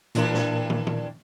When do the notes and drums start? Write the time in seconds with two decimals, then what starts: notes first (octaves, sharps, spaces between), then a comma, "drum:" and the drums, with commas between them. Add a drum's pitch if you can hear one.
0.15 G2 A#2 E3 D4 A#4, drum: hi-hat
0.34 drum: snare
0.70 drum: tom
0.87 drum: tom